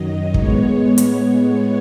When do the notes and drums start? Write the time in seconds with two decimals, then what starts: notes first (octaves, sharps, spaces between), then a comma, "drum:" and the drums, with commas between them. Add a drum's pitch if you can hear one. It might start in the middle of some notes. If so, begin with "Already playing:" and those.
Already playing: F#2 D#3 F#3 D#5
0.34 A2 G#3 B3 C#5, drum: kick
0.98 drum: hi-hat